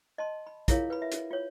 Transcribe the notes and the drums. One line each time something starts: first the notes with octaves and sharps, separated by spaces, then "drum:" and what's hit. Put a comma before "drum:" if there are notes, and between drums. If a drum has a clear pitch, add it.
D#5 A5 C6
B5
E4 F4 G#4 A#4 C#5 F5, drum: kick, hi-hat
B4 B5
E5
drum: hi-hat
F4 C#5